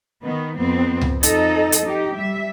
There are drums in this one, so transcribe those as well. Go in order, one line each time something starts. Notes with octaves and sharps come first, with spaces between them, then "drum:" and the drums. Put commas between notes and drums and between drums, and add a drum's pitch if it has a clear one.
D#3 B3
F2 B3 C4
drum: tom C#2
F2 D#4 A4 D#5, drum: hi-hat
drum: hi-hat
D#4 G4
G3 E5